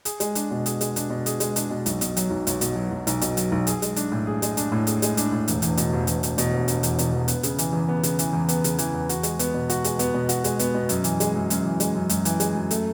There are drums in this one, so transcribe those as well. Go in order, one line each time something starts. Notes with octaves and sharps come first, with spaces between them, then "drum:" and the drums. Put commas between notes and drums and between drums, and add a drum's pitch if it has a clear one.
G#4, drum: hi-hat
G#3, drum: hi-hat
D4, drum: hi-hat
B2
G#4, drum: hi-hat
G#3, drum: hi-hat
D4, drum: hi-hat
B2
G#4, drum: hi-hat
G#3, drum: hi-hat
D4, drum: hi-hat
B2
B1, drum: hi-hat
B2, drum: hi-hat
F#3, drum: hi-hat
B1
B1, drum: hi-hat
B2, drum: hi-hat
F#3
B1
B1, drum: hi-hat
B2, drum: hi-hat
F#3, drum: hi-hat
B1
G#4, drum: hi-hat
G#3, drum: hi-hat
D4, drum: hi-hat
A2
G#4
G#3, drum: hi-hat
D4, drum: hi-hat
A2
G#4, drum: hi-hat
G#3, drum: hi-hat
D4, drum: hi-hat
A2
E1, drum: hi-hat
E2, drum: hi-hat
B2, drum: hi-hat
E1
E1, drum: hi-hat
E2, drum: hi-hat
B2, drum: hi-hat
E1
E1, drum: hi-hat
E2, drum: hi-hat
B2, drum: hi-hat
E1
B3, drum: hi-hat
C#3, drum: hi-hat
E3, drum: hi-hat
E2
B3
C#3, drum: hi-hat
E3, drum: hi-hat
E2
B3, drum: hi-hat
C#3, drum: hi-hat
E3, drum: hi-hat
E2
F#4, drum: hi-hat
G#3, drum: hi-hat
B3, drum: hi-hat
B2
F#4, drum: hi-hat
G#3, drum: hi-hat
B3, drum: hi-hat
B2
F#4, drum: hi-hat
G#3, drum: hi-hat
B3, drum: hi-hat
B2
F#2, drum: hi-hat
E3, drum: hi-hat
G#3, drum: hi-hat
F#2
F#2, drum: hi-hat
E3
G#3, drum: hi-hat
F#2
F#2, drum: hi-hat
E3, drum: hi-hat
G#3, drum: hi-hat
F#2
A3, drum: hi-hat